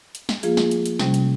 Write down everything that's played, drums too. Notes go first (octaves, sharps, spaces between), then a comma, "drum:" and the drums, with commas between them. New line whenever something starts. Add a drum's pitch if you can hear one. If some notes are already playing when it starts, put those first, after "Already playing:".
drum: hi-hat
drum: snare
F3 A#3 F4 G#4, drum: hi-hat
drum: snare
drum: hi-hat
drum: hi-hat
C3 G3 C#4, drum: snare
drum: hi-hat